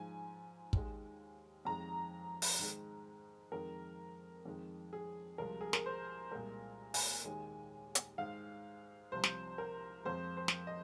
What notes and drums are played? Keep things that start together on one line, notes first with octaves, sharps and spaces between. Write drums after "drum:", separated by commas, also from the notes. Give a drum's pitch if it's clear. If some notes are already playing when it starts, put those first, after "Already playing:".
Already playing: G#2 F3 G#3 G#5
D#2 D#3 G#3, drum: kick
F2 D#3 G#3 A#5
drum: open hi-hat
G#2 D#3 G#3
F2 D#3 G#3 A#4
F2 D#3 G#3
G#4
C2 C3 F3 G#3 A#4
G#4
A#4, drum: snare
C5
C2 A#2 G#3 A#4
G#5, drum: open hi-hat
D#2 D#3 G#3
drum: hi-hat
G#2 D#3 G#3 F5
C2 C3 F3 C5
drum: snare
A#4
F2 F3 G#3 C5
C5
drum: snare
D#5